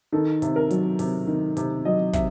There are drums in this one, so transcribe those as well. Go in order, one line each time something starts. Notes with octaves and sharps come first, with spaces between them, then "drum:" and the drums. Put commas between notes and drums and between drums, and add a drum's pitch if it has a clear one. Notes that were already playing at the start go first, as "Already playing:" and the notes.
D#3 A4
C3, drum: hi-hat
A#4
F#3, drum: hi-hat
C3, drum: open hi-hat
D#3
C3, drum: hi-hat
F#3 D#5
C3 E5, drum: kick, hi-hat